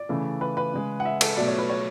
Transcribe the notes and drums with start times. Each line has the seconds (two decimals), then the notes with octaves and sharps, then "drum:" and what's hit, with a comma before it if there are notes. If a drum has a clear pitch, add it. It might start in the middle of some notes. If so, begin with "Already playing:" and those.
Already playing: D5
0.09 C#3 E3 A3
0.41 B4
0.57 B4
0.73 C#3 G#3
1.00 F#5
1.05 E5
1.21 A4, drum: cymbal
1.37 B2 F#3 A3 D5
1.48 C#5
1.58 B4
1.70 C#5